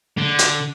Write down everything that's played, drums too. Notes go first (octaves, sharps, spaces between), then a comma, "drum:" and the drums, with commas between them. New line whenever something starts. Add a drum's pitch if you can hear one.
D3
drum: hi-hat